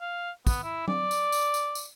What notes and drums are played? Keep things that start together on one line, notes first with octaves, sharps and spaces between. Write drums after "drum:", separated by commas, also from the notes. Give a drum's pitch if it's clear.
F5
B3, drum: kick, tambourine
E4
D5, drum: tom F#3
drum: tambourine
drum: tambourine
drum: tambourine
drum: tambourine